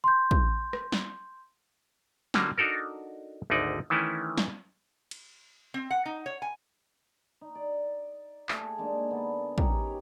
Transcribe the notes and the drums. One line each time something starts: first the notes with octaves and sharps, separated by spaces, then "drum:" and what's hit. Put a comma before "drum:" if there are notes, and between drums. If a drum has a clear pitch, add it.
C6 G6
drum: kick
drum: rim click
drum: snare
D3 F#3 G3 A#3, drum: snare
D4 D#4 F#4 A4 A#4
G#1 D2 D3 D#4 D5
D#3 E3 A3 C#4 E4
drum: snare
drum: cymbal
C4
F#5
D#4
C#5
G#5
D#4
D5
A3 G#4, drum: clap
G#3 A#3 D4 D#4
D3 B3
C#4 D#4 G4 A#4, drum: kick